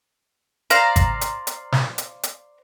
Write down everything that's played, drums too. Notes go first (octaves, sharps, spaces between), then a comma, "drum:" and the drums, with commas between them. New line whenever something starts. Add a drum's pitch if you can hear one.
C5 D5 F5 A#5, drum: hi-hat
drum: kick G#1, hi-hat
drum: hi-hat
drum: hi-hat
drum: snare
drum: hi-hat
drum: hi-hat